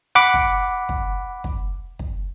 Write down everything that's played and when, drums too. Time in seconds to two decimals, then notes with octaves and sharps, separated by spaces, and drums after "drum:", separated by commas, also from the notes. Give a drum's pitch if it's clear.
0.15 F#5 B5 D6
0.34 drum: kick
0.89 drum: kick
1.44 drum: kick
1.99 drum: kick